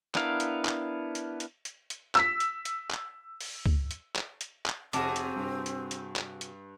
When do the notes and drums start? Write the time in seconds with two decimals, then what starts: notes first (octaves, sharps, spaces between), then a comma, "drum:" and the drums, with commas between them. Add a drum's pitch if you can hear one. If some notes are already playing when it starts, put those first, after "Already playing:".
0.15 B3 D4 E4 A#4 F5, drum: clap
0.40 drum: hi-hat
0.65 drum: clap
1.15 drum: hi-hat
1.40 drum: hi-hat
1.65 drum: hi-hat
1.90 drum: hi-hat
2.15 E6 B6, drum: clap
2.40 drum: hi-hat
2.65 drum: hi-hat
2.90 drum: clap
3.41 drum: open hi-hat
3.66 drum: kick
3.91 drum: hi-hat
4.16 drum: clap
4.41 drum: hi-hat
4.66 drum: clap
4.93 F1 C3 C4 F#4 G#4 F#5 A5 D6, drum: hi-hat
5.16 drum: hi-hat
5.36 G2
5.66 drum: hi-hat
5.91 drum: hi-hat
6.16 drum: clap
6.41 drum: hi-hat